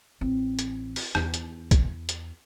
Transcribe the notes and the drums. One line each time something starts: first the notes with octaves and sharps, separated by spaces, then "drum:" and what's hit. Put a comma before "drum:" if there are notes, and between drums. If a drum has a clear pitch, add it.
A1 C4
drum: hi-hat
drum: open hi-hat
E2, drum: rim click
drum: hi-hat
drum: kick, hi-hat
drum: hi-hat